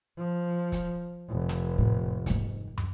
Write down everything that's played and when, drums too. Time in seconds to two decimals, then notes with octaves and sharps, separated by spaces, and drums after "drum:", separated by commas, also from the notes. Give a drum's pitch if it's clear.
0.18 F3
0.72 drum: kick, hi-hat
1.30 F1
1.49 drum: snare
1.78 A2
2.26 G#2 G3, drum: kick, hi-hat
2.78 drum: tom